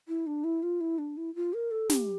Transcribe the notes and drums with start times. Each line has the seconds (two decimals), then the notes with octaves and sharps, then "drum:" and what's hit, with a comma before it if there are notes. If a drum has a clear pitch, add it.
0.08 E4
0.27 D4
0.44 E4
0.63 F4
0.81 E4
0.98 D4
1.17 E4
1.35 F4
1.54 A#4
1.71 A4
1.90 G4, drum: snare